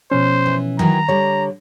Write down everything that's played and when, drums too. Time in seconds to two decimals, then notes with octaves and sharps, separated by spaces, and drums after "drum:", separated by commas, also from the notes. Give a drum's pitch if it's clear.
0.11 B2 F3 C#4 C5
0.46 E3
0.79 D#3 E3 F#3 A#5, drum: tom D#3
1.09 D3 G3 C#5